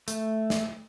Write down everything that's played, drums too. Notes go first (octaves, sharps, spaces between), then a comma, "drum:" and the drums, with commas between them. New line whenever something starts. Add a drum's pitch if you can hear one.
A3, drum: hi-hat
drum: snare